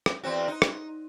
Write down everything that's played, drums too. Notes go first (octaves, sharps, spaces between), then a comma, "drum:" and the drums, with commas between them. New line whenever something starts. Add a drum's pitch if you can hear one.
drum: rim click
E2 C4 F#4
D#4
drum: rim click